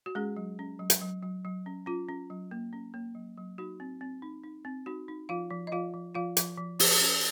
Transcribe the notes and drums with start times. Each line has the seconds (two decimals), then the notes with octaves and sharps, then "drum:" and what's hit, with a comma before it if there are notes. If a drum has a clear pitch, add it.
0.06 F#4
0.15 G#3 C#4 G#4
0.36 F#3
0.59 C#4
0.79 F#3
0.90 drum: hi-hat
1.01 F#3
1.23 F#3
1.45 F#3
1.66 C#4
1.86 C#4 F4
2.09 C#4
2.30 F#3
2.51 A#3
2.73 C#4
2.94 A#3
3.15 F#3
3.37 F#3
3.58 D#4 F#4
3.80 C4
4.01 C4
4.22 D#4
4.44 D#4
4.65 C4
4.86 D#4 F#4
5.08 D#4
5.29 F3 F4 F5
5.50 F3
5.67 D#5
5.72 F3 F4 F5
5.94 F3
6.14 F3 F4 F5
6.37 F3, drum: hi-hat
6.58 F3
6.80 F3, drum: open hi-hat
7.01 C#4